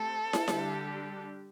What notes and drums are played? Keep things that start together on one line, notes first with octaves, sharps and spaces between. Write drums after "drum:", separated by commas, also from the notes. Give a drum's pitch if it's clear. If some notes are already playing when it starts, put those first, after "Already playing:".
Already playing: A3 C4 G4 A4
drum: snare
D3 G3 D4 G4, drum: snare